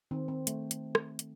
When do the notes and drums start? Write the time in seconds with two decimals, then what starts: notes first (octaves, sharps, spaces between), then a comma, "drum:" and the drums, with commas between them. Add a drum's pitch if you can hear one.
0.11 D#3 C4
0.28 C4
0.47 A3, drum: hi-hat
0.71 drum: hi-hat
0.95 drum: rim click
1.19 drum: hi-hat